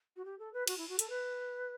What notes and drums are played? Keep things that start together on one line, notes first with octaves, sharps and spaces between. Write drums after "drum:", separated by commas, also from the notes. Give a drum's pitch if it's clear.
F#4
G4
A4
B4
F#4, drum: cymbal
E4
F#4
A4, drum: hi-hat
B4